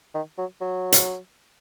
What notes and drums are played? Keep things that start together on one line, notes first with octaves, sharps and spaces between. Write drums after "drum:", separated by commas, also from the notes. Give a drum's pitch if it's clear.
D#3
F#3
F#3
drum: hi-hat